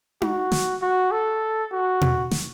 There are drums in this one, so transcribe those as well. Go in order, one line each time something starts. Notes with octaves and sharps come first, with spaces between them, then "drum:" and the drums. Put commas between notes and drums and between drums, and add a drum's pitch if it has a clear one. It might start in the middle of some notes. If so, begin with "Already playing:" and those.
F#4, drum: tom D#4
drum: snare
F#4
A4
F#4
drum: tom B2
drum: snare